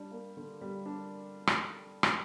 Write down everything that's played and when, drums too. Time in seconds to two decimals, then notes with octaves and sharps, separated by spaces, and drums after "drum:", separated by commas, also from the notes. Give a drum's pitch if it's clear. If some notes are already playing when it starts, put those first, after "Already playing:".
Already playing: G3 D4
0.11 A#3
0.37 D3
0.61 G3
0.86 D4
1.47 drum: rim click
2.03 drum: rim click